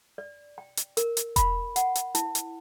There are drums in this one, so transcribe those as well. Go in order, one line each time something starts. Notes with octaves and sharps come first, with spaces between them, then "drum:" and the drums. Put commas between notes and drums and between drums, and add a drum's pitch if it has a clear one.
D5
G5
drum: hi-hat
A#4, drum: hi-hat
drum: hi-hat
B5, drum: kick E1, hi-hat
F#5, drum: hi-hat
drum: hi-hat
E4, drum: hi-hat
drum: hi-hat